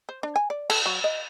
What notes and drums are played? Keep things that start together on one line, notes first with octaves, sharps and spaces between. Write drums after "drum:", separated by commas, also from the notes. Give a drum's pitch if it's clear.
C5
D4
G#5
D5
A4, drum: cymbal
F#3
D#5